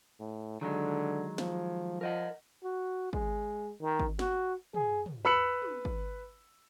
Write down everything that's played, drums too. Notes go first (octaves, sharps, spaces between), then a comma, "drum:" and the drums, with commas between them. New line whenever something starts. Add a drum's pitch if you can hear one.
A2
D3 D#3 F#3 G#3
F3, drum: snare
F3 A#4 D#5 F#5
F#4
G#3, drum: kick
D#3
drum: kick
F#4, drum: snare
G#4, drum: tom
drum: tom
B4 B5 E6 C#7 F#7
drum: tom
drum: kick